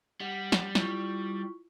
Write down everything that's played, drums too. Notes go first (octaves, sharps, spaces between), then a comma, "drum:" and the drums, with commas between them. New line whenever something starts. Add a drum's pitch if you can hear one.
G3 F#5
drum: snare
E4 F4 C#6, drum: snare